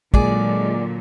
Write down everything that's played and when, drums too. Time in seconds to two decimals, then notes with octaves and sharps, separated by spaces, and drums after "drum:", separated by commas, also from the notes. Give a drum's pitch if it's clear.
0.14 A#2 D3 F#3 G#3 G#4 D5, drum: kick